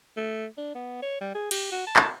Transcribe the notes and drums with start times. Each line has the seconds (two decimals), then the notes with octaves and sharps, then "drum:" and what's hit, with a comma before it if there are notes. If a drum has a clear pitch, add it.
0.17 A3
0.58 D4
0.75 B3
1.02 C#5
1.21 G3
1.35 G#4
1.51 G4, drum: cymbal
1.72 F#4
1.87 A5
1.96 drum: clap